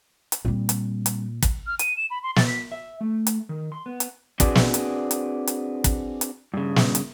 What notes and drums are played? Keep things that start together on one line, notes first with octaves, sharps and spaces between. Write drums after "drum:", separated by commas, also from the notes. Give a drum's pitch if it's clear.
drum: hi-hat
A#2 G3 C4
drum: hi-hat
drum: hi-hat
drum: kick, hi-hat
F6
D#7, drum: hi-hat
E7
B5
C6
A6, drum: snare
B6
E5
A3
drum: hi-hat
D#3
C6
B3
drum: hi-hat
C4 D4 F#4 G#4 B4 D5, drum: kick, hi-hat
drum: snare
drum: hi-hat
drum: hi-hat
drum: hi-hat
drum: kick, hi-hat
drum: hi-hat
G2 C#3
drum: snare
drum: hi-hat